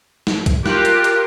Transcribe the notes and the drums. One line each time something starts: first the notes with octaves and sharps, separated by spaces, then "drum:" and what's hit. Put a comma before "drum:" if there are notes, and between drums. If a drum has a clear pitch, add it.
drum: snare
drum: kick C2, hi-hat
F4 G4 A#4 F#6, drum: snare
drum: hi-hat
drum: hi-hat